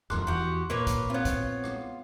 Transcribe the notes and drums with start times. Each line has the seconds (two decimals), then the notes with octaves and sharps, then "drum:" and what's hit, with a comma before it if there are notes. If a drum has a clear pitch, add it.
0.10 D#1 F2 A#4 C6 F#6, drum: rim click
0.27 E2 F#4 G4
0.70 A#2 A#3 B4 C#5
0.87 drum: kick, hi-hat
1.10 B3 C4 F4 C#5
1.25 drum: kick, hi-hat
1.64 drum: rim click